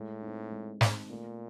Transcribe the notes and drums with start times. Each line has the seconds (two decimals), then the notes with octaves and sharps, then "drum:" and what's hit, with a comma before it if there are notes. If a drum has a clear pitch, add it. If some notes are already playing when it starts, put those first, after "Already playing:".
Already playing: A2 G#3
0.22 C4 D#4
0.51 G#3
0.81 C4 D#4, drum: snare
1.10 A#2 A3